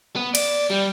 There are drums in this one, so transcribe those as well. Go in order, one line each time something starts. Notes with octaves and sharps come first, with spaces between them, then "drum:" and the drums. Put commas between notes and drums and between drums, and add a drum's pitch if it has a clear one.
B3
D5, drum: cymbal
G3